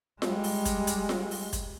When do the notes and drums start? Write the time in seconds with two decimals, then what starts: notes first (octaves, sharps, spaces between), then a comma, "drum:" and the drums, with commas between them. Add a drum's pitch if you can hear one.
0.22 G3 G#3, drum: snare F4
0.44 drum: open hi-hat
0.65 drum: kick, hi-hat
0.87 drum: hi-hat
1.09 drum: snare F4
1.31 drum: open hi-hat
1.53 drum: kick, hi-hat